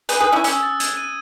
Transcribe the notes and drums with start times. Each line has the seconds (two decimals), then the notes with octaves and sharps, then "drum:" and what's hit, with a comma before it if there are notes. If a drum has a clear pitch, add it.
0.09 G#4 B4 D#6, drum: hi-hat
0.20 G#4 B4
0.27 F#6
0.32 C#4 E4
0.44 C#4 E6, drum: hi-hat
0.63 A6
0.80 G#6, drum: hi-hat
0.97 D#7